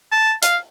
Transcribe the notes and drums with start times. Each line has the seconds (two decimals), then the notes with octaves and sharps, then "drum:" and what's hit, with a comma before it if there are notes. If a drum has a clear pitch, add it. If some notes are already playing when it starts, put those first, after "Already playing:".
0.12 A5
0.43 F5, drum: hi-hat